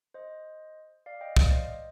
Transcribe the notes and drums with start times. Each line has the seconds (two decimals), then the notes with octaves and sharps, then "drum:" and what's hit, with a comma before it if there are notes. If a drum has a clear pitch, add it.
0.14 C5 D#5
1.06 D5 F5
1.21 D#5 G5
1.36 D5 F5, drum: kick
1.52 C5 D#5